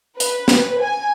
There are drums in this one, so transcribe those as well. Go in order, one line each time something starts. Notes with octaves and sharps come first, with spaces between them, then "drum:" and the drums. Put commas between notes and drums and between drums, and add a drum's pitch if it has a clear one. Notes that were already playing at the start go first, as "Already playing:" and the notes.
B4, drum: hi-hat
drum: snare
G#5